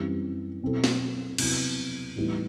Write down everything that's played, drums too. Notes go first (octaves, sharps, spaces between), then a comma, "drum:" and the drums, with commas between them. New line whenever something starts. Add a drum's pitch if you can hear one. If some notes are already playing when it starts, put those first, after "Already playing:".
Already playing: F#2 E3 G3 C4
B2 F#3 C4 E4 A4
drum: snare
C3 F#3 B3 E4, drum: cymbal
A2 E3 G3 B3 D#4